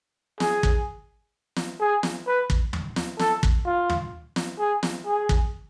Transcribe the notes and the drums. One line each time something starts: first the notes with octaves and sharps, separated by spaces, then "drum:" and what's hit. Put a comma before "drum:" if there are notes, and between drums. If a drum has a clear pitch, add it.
G#4, drum: snare
drum: kick
drum: snare
G#4
drum: snare
B4
drum: kick
drum: tom
drum: snare
A4, drum: snare
drum: kick
F4
drum: tom
drum: snare
G#4
drum: snare
G#4
drum: kick